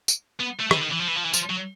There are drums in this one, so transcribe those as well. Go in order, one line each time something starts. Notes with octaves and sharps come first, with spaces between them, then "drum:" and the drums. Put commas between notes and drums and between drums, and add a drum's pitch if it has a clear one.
drum: tambourine
B3
A3
E3, drum: rim click
D3
D#3
E3
F3
E3
F3
E3
F3, drum: tambourine
F#3